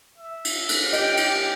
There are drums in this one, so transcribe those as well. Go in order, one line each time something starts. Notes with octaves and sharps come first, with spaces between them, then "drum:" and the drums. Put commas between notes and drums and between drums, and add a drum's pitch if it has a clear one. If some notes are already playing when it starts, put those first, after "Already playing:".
E5
drum: cymbal
drum: cymbal
G4 D#5 G5, drum: cymbal
drum: cymbal